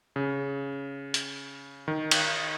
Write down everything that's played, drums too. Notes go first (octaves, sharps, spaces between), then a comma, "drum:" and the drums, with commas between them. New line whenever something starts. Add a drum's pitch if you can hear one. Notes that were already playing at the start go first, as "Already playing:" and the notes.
C#3
drum: hi-hat
D#3
drum: cymbal